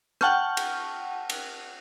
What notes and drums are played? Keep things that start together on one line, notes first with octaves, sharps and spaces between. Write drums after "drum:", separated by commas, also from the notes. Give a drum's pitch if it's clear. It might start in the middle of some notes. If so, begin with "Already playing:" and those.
F#5 G5 A5 C#6 F6 G6, drum: rim click
drum: cymbal
drum: cymbal